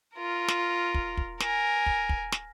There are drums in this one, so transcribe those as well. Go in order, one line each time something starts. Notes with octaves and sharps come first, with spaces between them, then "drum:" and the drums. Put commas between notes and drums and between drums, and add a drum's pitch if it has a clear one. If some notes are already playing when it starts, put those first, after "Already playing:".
F4 A#4
drum: snare
drum: kick
drum: kick
A#4 G#5, drum: snare
drum: kick
drum: kick
drum: snare